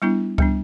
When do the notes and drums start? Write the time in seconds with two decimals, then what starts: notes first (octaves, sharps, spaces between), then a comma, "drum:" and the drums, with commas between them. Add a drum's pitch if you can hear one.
0.02 G3 B3 D4 E4
0.38 G3 B3 D4, drum: kick C#2